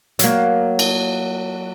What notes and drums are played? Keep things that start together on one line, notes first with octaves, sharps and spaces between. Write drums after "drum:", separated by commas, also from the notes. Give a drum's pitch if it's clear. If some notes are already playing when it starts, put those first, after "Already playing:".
F#3 A#3, drum: hi-hat
drum: cymbal